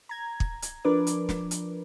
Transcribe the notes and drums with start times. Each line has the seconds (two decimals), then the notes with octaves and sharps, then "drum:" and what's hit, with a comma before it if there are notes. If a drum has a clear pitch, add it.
0.09 A#5 G#6
0.40 drum: kick
0.62 drum: hi-hat
0.84 F3 D4 A#4 B4 D6
1.07 drum: hi-hat
1.29 drum: snare
1.51 drum: hi-hat